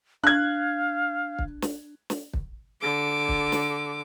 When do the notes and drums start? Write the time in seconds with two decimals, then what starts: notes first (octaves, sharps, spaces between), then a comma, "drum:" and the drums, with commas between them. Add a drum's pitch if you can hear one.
0.24 D4 F5 F#6 G#6
1.39 drum: kick
1.62 drum: snare
2.10 drum: snare
2.33 drum: kick
2.81 D3 D6
3.28 drum: kick
3.52 drum: snare